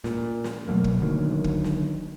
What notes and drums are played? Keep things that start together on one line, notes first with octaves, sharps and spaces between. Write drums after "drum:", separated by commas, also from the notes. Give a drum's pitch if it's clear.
A#2, drum: snare
drum: snare
B2 F#3 A3 A#3
drum: kick
D3 D#3 F#3 A#3
drum: kick
drum: snare